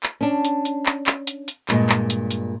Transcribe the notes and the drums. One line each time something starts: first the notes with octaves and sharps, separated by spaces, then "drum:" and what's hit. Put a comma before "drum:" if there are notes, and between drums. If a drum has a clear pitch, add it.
drum: clap
C#4 D4
drum: hi-hat
drum: hi-hat
drum: clap
drum: clap
drum: hi-hat
drum: hi-hat
G2 A#2 G#3, drum: clap
drum: clap
drum: hi-hat
drum: hi-hat